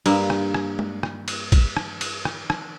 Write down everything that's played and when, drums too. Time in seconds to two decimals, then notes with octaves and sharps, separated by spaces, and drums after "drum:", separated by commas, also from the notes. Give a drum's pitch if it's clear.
0.06 G2 A#3, drum: cymbal
0.30 drum: rim click
0.54 drum: rim click
0.79 drum: tom G#3
1.03 drum: rim click
1.28 drum: cymbal
1.52 drum: kick, cymbal
1.77 drum: rim click
2.01 drum: cymbal
2.25 drum: rim click
2.50 drum: rim click